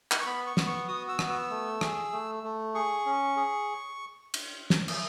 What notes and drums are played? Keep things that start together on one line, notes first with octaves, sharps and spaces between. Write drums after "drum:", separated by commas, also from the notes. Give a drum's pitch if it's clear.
drum: clap
C#6
B3 B5
C#6
B3, drum: snare
C#6
F#4 D#6
E6
B3, drum: rim click
E6
A3
G#4, drum: rim click
A3
A3
G#4 C#6
C#4
G#4
drum: cymbal
drum: snare
drum: cymbal